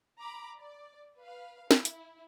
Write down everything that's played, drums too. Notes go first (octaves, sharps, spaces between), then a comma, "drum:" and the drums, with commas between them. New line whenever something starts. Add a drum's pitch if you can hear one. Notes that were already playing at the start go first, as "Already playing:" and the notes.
A#5 B5 D6
D5
B4 F5
E4, drum: snare
drum: hi-hat